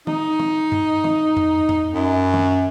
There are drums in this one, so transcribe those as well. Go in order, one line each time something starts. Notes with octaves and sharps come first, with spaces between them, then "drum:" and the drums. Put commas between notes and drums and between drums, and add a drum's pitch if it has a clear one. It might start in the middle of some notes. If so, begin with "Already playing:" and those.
D#4, drum: tom
drum: tom
drum: tom G2
drum: tom
drum: tom F2
drum: tom F2
F#2
drum: tom